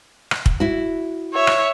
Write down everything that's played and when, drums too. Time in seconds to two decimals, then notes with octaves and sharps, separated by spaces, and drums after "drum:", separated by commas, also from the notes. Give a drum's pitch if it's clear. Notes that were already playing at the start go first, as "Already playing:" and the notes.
0.31 drum: rim click
0.46 drum: kick
0.60 E4 F#4
1.34 C#5 E5
1.47 drum: rim click